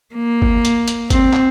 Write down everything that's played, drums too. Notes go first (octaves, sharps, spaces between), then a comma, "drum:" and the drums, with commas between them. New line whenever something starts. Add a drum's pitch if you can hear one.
A#3
drum: kick G1
drum: hi-hat
drum: hi-hat
C4, drum: kick G1, hi-hat
drum: clap